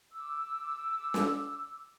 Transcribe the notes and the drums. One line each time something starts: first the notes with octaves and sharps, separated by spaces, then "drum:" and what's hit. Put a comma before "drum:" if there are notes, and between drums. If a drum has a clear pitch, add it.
D6 E6
drum: snare